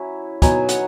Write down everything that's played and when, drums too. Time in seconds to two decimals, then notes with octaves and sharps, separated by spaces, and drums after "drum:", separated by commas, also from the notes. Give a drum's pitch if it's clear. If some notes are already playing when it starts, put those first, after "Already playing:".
Already playing: F#3 C#4 E4
0.42 F#3 B3 D#4 G#5, drum: kick, hi-hat
0.69 F#5, drum: hi-hat